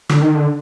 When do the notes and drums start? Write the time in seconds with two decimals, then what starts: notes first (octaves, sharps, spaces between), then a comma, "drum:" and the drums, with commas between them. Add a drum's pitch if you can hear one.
0.09 D3, drum: rim click
0.22 D#3
0.35 D3